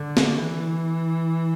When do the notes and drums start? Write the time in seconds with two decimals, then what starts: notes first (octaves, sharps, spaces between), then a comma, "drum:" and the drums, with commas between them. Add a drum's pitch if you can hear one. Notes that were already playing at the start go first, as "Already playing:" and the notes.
Already playing: D3
0.17 drum: snare
0.37 E3